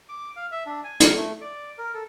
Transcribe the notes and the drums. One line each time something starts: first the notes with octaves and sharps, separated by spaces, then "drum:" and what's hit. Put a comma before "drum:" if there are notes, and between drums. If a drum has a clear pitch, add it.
D6
F5
E5
D4
G#5
A#4, drum: hi-hat
A3
D5
A#4
A4